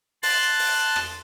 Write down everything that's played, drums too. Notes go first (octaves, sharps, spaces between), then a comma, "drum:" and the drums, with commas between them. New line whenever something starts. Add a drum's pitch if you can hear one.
A5 C6 F#6 A6, drum: open hi-hat
drum: open hi-hat
drum: rim click